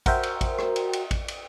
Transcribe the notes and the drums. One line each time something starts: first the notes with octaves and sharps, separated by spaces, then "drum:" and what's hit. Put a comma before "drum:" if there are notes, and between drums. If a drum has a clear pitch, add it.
F#4 A#4 C5 E5 G5, drum: kick A1, cymbal
drum: cymbal
drum: kick A1, cymbal
drum: rim click
drum: cymbal
drum: cymbal
drum: kick A1, cymbal
drum: cymbal